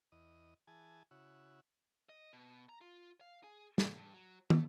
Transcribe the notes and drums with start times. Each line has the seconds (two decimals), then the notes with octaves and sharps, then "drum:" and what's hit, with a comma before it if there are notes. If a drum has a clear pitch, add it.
0.12 E2 D#5
0.67 E3 G#4 G#5 A5
1.11 C#3 E4 F#4
2.09 D#5
2.33 B2
2.69 A#5
2.81 F4
3.21 F5
3.44 G#4
3.78 A#3, drum: snare
3.96 G2
4.14 F#3
4.50 A3, drum: tom